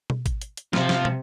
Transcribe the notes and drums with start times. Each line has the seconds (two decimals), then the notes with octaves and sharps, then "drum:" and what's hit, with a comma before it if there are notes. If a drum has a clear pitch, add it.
0.10 drum: tom B2
0.26 drum: kick G#1, hi-hat
0.42 drum: hi-hat
0.57 drum: hi-hat
0.73 C3 F3 F4, drum: snare
0.89 drum: snare
1.05 drum: tom